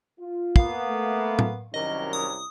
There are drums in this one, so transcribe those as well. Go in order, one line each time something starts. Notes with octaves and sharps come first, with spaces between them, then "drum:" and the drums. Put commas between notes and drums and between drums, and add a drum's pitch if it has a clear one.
F4
A#3 B3 F5, drum: kick
A3
drum: tom
C2 F#2 D#3 C#4 A#4 D#5
D#6